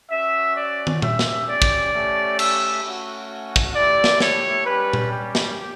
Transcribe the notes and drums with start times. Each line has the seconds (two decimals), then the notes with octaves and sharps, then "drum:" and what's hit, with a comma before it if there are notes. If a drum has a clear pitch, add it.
0.11 C#4 F#4 E5
0.57 D5
0.87 drum: tom
1.02 C#4 G4 E5, drum: tom A#2
1.19 drum: snare
1.48 D5
1.62 drum: kick
1.93 A3 C#4 G4
2.39 E5, drum: cymbal
2.84 A3 C#4 F#4
3.56 drum: kick
3.75 A3 E4 G4 D5
4.04 drum: snare
4.20 C#5, drum: snare
4.66 G3 C#4 G4 B4
4.93 drum: tom A#2
5.11 G4
5.35 drum: snare